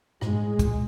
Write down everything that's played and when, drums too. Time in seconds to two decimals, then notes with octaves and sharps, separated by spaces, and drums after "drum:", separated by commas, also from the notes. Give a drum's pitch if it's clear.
0.21 A2 G#3, drum: rim click
0.28 G2
0.34 G#2
0.46 A2
0.59 A#2, drum: kick, hi-hat